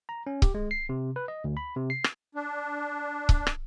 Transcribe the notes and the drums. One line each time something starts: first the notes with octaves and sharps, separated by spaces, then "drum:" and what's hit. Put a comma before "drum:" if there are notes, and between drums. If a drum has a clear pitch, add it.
A#5
C#4
G4, drum: kick C#1
G#3
C7
C3
B4
D#5
D2
B5
C3
C7
drum: rim click
D4
drum: kick C#1
drum: rim click